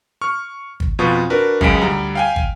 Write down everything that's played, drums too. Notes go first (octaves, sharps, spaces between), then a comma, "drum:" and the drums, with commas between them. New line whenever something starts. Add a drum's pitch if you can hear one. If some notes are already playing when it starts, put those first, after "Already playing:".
C#6 F6
drum: kick
F2 B2 F4 B4 C#6 D#6
D4 F#4 A#4 B4
C#2 F#2 C#3 G#5 B6 D7, drum: kick
D2 G3 A#5
F5 G5 G#5
drum: kick